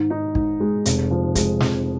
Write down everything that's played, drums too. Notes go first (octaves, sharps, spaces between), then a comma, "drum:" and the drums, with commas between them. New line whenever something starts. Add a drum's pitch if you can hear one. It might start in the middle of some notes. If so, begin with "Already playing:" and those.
Already playing: G#2 D#3
D#4
G#2, drum: kick
G#3
F1, drum: hi-hat
F3
G#3, drum: kick, hi-hat
F2, drum: snare